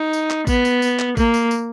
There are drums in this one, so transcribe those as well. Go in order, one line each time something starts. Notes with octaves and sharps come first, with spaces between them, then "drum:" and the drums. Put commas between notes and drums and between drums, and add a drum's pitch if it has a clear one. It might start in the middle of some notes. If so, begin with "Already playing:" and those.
Already playing: D#4
drum: tambourine
drum: clap
B3, drum: kick A1, tambourine
drum: tambourine
drum: tambourine
drum: clap
A#3, drum: kick A1, tambourine
drum: tambourine
drum: tambourine